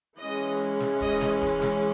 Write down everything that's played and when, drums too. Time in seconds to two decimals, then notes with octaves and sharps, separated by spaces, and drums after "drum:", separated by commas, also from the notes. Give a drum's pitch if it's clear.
0.19 E3 G#3 C#4 D#5
0.80 drum: snare
1.01 D#5, drum: kick D1
1.21 drum: snare
1.41 drum: kick D1
1.62 drum: snare